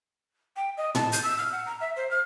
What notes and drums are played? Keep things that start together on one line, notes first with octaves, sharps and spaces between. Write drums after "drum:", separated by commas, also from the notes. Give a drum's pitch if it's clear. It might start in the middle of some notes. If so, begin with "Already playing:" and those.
G5
D#5
A5, drum: tom A2
G6, drum: hi-hat
E6
F6
F#5
A#5
E5
C5
F6